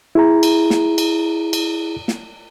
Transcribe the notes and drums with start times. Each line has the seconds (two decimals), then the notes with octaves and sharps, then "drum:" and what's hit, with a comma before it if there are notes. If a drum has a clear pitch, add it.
0.15 E4 G#4 A#5
0.43 drum: cymbal
0.70 drum: snare
0.98 drum: cymbal
1.53 drum: cymbal
2.08 drum: snare